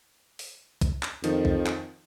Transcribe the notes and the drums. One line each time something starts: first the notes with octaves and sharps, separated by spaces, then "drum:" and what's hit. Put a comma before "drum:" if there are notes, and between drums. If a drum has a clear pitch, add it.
drum: open hi-hat
drum: kick, hi-hat
drum: clap
F2 D#3 F3 D#4, drum: hi-hat
drum: kick
drum: clap